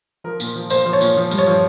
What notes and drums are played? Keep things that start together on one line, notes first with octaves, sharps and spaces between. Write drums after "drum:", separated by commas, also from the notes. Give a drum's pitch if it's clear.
F3 A#4
A#2, drum: tambourine
F3
A#2 C5, drum: tambourine
F3
C#5
A#2, drum: tambourine
F3
G2, drum: tambourine
C#5
F3